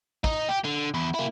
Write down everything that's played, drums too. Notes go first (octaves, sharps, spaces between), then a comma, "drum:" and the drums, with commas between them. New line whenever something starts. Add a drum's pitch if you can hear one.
D#4, drum: kick
G4
D3
E2 E4
A#3 E4